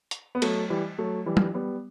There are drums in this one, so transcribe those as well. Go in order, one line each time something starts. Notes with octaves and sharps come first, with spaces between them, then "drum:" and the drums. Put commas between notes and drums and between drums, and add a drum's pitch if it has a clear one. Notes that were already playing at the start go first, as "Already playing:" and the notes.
drum: hi-hat
B3
F#3 A3, drum: cymbal
E3 G3
F#3 A3
E3 G3
drum: tom F#3
G3 B3